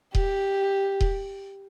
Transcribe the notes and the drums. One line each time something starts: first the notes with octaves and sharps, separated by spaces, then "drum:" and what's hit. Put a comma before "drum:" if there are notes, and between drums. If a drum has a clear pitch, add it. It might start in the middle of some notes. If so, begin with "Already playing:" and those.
G4, drum: kick D#1
drum: kick D#1